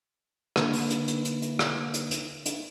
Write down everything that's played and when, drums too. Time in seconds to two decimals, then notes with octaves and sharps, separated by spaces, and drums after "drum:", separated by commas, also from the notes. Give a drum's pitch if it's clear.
0.56 D3 A#3 B4, drum: rim click
0.73 drum: open hi-hat
0.90 drum: hi-hat
1.08 drum: hi-hat
1.25 drum: hi-hat
1.42 drum: hi-hat
1.59 drum: rim click
1.94 drum: hi-hat
2.11 drum: hi-hat
2.46 drum: hi-hat